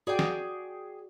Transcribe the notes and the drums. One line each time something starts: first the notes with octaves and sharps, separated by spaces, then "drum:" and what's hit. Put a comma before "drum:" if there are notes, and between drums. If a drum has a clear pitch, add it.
F#4 G#4 D5 G5
drum: snare